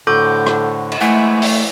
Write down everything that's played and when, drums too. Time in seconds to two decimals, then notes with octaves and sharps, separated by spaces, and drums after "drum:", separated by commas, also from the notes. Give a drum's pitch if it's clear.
0.07 A2 D3 F#4 A4 C5 D6 G6
0.46 drum: rim click
0.92 drum: cymbal
1.01 E3 G#3 A3 E4 F#5
1.42 drum: open hi-hat